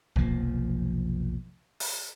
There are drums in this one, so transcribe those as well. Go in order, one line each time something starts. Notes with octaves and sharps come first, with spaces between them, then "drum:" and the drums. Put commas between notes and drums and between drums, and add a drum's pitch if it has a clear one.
F1 B1 F3 A#3, drum: kick
drum: open hi-hat